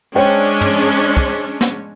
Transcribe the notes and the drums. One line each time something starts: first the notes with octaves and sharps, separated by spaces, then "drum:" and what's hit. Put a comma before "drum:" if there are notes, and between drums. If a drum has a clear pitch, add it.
G#3 C#4 D4 C5 C#5 G5
drum: tom
drum: kick
drum: snare